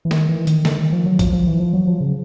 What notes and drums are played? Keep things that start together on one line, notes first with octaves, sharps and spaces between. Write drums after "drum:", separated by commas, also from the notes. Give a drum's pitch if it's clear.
E3
D#3, drum: snare
E3
D#3, drum: hi-hat
D3, drum: snare
D#3
F3
F#3
F3, drum: kick, hi-hat
F3
E3
F3
F#3
F3
C#3